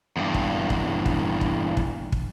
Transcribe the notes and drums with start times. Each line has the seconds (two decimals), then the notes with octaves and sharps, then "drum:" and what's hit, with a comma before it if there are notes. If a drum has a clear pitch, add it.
0.17 E2 G2
0.34 drum: kick
0.70 drum: kick
1.06 drum: kick
1.41 drum: kick
1.77 drum: kick
2.12 drum: kick